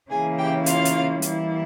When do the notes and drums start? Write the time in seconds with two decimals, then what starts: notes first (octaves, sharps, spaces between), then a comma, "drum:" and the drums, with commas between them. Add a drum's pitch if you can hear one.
0.10 C#3 E3 A#3 C#4 E4 G#4 G#5
0.39 G4 G5
0.66 F4 F5, drum: hi-hat
0.85 drum: hi-hat
1.22 E3 G3 A#3 E4, drum: hi-hat